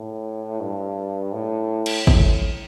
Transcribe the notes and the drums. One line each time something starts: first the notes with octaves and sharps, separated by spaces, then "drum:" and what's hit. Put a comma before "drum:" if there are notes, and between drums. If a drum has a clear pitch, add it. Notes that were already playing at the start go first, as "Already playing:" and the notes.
Already playing: A2
G2
A2
drum: cymbal
A2, drum: kick